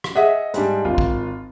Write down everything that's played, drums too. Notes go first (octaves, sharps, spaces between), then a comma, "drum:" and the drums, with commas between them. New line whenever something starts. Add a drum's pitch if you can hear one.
drum: rim click
G#4 D#5 E5 F#5
G#2 G3 D4, drum: hi-hat
G#1 F4
drum: kick